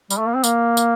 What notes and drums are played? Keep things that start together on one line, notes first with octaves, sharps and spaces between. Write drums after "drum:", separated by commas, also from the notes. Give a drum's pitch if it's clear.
G3, drum: tambourine
A3
A#3
C4
A#3, drum: tambourine
drum: tambourine